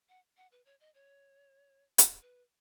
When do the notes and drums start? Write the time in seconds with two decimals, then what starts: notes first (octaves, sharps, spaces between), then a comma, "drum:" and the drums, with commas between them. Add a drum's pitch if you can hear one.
0.09 F#5
0.37 F#5
0.52 B4
0.65 C#5
0.80 D#5
0.94 C#5
1.98 drum: hi-hat
2.21 B4